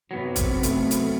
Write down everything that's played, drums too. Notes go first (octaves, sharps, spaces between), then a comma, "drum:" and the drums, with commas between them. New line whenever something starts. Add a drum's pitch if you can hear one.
F#2 C3 F#3 B3 C4
drum: kick, hi-hat
A3, drum: hi-hat
drum: hi-hat